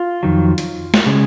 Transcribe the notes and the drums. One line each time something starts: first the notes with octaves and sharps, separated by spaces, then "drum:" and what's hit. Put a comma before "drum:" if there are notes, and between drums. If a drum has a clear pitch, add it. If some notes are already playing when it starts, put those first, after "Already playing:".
Already playing: F4
F2 D#3 F#3
drum: hi-hat
drum: snare
C#3 G#3